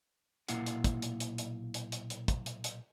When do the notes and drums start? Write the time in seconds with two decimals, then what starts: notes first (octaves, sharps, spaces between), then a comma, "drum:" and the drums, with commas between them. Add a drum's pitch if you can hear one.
0.48 B1 A#2 A#3 E4 F5 F#5, drum: hi-hat
0.66 drum: hi-hat
0.84 drum: kick, hi-hat
1.02 drum: hi-hat
1.20 drum: hi-hat
1.38 drum: hi-hat
1.74 drum: hi-hat
1.92 drum: hi-hat
2.10 drum: hi-hat
2.28 drum: kick, hi-hat
2.46 drum: hi-hat
2.64 drum: hi-hat